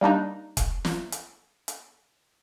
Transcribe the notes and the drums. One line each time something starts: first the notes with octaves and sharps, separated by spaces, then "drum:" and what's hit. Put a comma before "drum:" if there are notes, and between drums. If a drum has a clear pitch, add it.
G3 A#3 D4 D#4
drum: kick E1, hi-hat
drum: snare
drum: hi-hat
drum: hi-hat